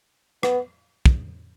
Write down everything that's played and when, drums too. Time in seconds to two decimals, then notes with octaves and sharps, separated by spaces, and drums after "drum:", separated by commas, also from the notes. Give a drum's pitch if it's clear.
0.43 B3, drum: rim click
1.06 drum: kick